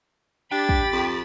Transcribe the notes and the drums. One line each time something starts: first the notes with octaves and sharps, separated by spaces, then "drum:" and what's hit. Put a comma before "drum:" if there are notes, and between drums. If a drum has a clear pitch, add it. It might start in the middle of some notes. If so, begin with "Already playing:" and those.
D4 G4 G5 B5 A6
drum: kick
F2